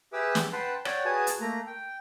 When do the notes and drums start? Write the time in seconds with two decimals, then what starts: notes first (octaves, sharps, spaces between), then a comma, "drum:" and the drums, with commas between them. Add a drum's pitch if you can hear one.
0.13 G4 G#4 B4 E5 D6 E6
0.35 drum: snare
0.53 B4 F#5 G5 A5 B5 C6
0.85 C#5 D5 F#5 G5, drum: rim click
1.05 F#4 G#4 B4 G#5 A5 D#6
1.27 drum: hi-hat
1.41 A3 A#3 A#5
1.67 G5